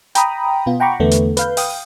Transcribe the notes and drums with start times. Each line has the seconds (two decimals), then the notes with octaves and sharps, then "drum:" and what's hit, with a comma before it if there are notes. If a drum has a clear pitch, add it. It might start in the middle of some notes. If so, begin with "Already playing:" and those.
0.15 G5 A#5 B5 D#6, drum: hi-hat
0.66 B2 B3 F4
0.80 F#5 G5 A#5 B5 C#6 D6
1.00 E2 D3 A3 B3
1.11 drum: hi-hat
1.37 B4 F5 G6, drum: hi-hat
1.57 F5 G5 D#6, drum: open hi-hat